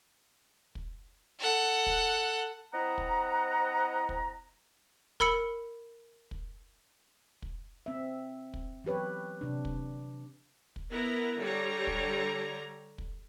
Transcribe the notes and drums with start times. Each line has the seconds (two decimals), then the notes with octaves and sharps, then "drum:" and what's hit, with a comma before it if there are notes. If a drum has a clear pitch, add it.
0.75 drum: kick
1.39 A4 F#5
1.86 drum: kick
2.72 C4 E4 D#5 F#5 A#5
2.98 drum: kick
4.09 drum: kick
5.20 A#4 B5 E6 C#7, drum: kick
6.31 drum: kick
7.42 drum: kick
7.86 C4 E5
8.54 drum: kick
8.84 E3 F#3 G4 B4 C#5
9.41 C3 D4
9.65 drum: kick
10.76 drum: kick
10.90 B3 E4 A#4 A#5
11.38 D3 G3 C#5 A#5
11.87 drum: kick
12.98 drum: kick